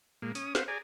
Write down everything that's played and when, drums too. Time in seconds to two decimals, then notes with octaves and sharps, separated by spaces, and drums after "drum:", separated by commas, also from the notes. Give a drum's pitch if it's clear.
0.22 A#2 G#3 A#3
0.35 C#4 D#6, drum: hi-hat
0.55 C4 B4 C5 F5 F#5, drum: snare
0.68 G#4 D5 G#5 A#5